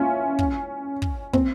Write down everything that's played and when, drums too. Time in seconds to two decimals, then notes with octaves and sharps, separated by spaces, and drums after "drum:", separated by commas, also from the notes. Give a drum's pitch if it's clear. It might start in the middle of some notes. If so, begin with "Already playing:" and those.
Already playing: C#4 E4 F4
0.39 drum: kick
1.02 drum: kick
1.33 C4, drum: kick